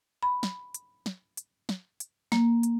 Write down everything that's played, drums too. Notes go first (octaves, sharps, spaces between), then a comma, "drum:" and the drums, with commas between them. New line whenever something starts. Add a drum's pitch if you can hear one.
B5
drum: snare
drum: hi-hat
drum: snare
drum: hi-hat
drum: snare
drum: hi-hat
A#3, drum: snare
drum: hi-hat